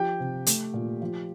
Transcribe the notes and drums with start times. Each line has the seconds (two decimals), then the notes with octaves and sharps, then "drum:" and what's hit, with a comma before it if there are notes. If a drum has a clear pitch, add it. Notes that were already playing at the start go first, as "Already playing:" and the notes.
Already playing: F3 G4 G5
0.20 C3
0.47 A3, drum: hi-hat
0.74 A#2
1.02 F3